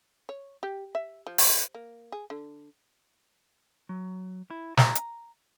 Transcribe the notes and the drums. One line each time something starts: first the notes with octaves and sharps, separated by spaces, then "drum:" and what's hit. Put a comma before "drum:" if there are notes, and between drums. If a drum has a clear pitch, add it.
C#5
G4
E5
F3
drum: open hi-hat
A#3
G#4
D3
F#3
E4
A#5, drum: snare
drum: hi-hat